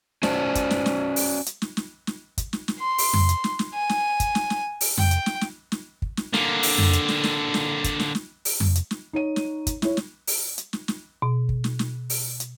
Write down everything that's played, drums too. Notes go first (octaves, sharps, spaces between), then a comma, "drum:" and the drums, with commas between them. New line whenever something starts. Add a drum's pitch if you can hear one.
C#4 F#4 C5 D5 A5, drum: snare
drum: kick, hi-hat
drum: snare
drum: snare
drum: open hi-hat
drum: hi-hat
drum: snare
drum: snare
drum: snare
drum: kick, hi-hat
drum: snare
drum: snare
C6
drum: open hi-hat
drum: tom F2
drum: hi-hat
drum: snare
drum: snare
G#5
drum: snare
drum: kick, hi-hat
drum: snare
drum: snare
drum: open hi-hat
G5, drum: tom F2
drum: hi-hat
drum: snare
drum: snare
drum: snare
drum: kick
drum: snare
D3 A#3, drum: snare
drum: open hi-hat
drum: tom F2
drum: hi-hat
drum: snare
drum: snare
drum: snare
drum: kick, hi-hat
drum: snare
drum: snare
drum: open hi-hat
drum: tom F2
drum: hi-hat
drum: snare
D#4 C#5 D#7
drum: snare
drum: kick, hi-hat
E4 C#5, drum: snare
drum: snare
drum: open hi-hat
drum: hi-hat
drum: snare
drum: snare
B2
drum: kick
drum: snare
drum: snare
drum: open hi-hat
drum: hi-hat